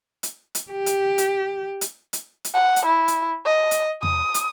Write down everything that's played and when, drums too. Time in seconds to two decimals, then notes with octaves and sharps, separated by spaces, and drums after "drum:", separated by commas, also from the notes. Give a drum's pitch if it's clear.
0.23 drum: hi-hat
0.55 drum: hi-hat
0.72 G4
0.86 drum: hi-hat
1.18 drum: hi-hat
1.81 drum: hi-hat
2.13 drum: hi-hat
2.44 drum: hi-hat
2.54 F#5
2.76 drum: hi-hat
2.86 E4
3.08 drum: hi-hat
3.46 D#5
3.71 drum: hi-hat
4.03 D#6, drum: tom E2
4.34 drum: hi-hat